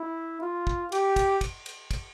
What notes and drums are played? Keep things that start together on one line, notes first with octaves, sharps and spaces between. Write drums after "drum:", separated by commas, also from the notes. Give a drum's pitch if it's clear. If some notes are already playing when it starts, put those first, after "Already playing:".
Already playing: E4
F4
drum: kick
G4, drum: cymbal
drum: kick, cymbal
drum: kick, cymbal
drum: cymbal
drum: kick, cymbal